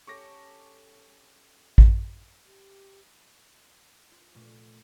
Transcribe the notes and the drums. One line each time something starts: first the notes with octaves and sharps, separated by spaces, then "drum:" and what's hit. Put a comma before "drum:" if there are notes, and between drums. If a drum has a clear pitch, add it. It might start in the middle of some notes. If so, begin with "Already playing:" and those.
C#4 G4 A4 C#6 D6 A#6
drum: kick A1
G4
F4
A#2 A3